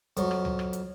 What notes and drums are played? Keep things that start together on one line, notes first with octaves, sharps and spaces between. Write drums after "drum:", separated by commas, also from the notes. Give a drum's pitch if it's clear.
F2 F#3, drum: kick, hi-hat
drum: rim click
drum: tom C#2
drum: rim click
drum: hi-hat